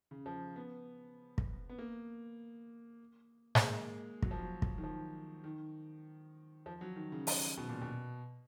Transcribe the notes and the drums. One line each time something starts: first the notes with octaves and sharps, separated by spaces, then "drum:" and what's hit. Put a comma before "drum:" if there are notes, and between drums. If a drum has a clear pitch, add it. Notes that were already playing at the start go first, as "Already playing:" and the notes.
C#3
F3
B3
drum: kick
B3
A#3
A#3, drum: snare G#2
G#3
F#3, drum: kick
F3
F#3
drum: kick
D#3
F3
D#3
F3
F#3
D#3
C#3
C#3, drum: open hi-hat
B2
A#2
B2